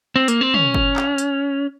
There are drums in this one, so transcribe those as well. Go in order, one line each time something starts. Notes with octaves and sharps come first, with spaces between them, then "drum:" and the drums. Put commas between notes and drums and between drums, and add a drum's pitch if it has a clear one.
C4
A#3, drum: hi-hat
C4
C#4, drum: tom
drum: kick G1
drum: clap
drum: hi-hat